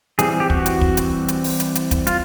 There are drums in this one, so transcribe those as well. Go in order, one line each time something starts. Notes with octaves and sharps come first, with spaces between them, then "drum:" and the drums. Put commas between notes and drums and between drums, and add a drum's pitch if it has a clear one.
E3 G3 C4 G#4, drum: hi-hat
G4
F#4, drum: kick
drum: hi-hat
drum: kick
drum: hi-hat
drum: hi-hat
drum: open hi-hat
drum: hi-hat
drum: hi-hat
drum: kick, hi-hat
F4, drum: hi-hat